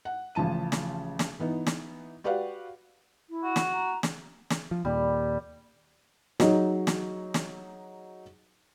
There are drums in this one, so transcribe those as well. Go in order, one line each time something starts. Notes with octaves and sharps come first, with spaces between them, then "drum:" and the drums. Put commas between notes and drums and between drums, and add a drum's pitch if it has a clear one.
F#5
A1 C#3 F3 A5 D#7
drum: snare
drum: snare
E3 B3 D#4
drum: snare
F#4 G4 B4 D5 F5 F#5
E4
F#4
drum: snare
A#5
drum: snare
drum: snare
F3
D#2 A#2 G3
F#3 D#4 G#4, drum: snare
drum: snare
drum: snare